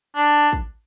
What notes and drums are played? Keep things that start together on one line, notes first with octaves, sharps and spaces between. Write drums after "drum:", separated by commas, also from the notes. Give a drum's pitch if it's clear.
D4
drum: kick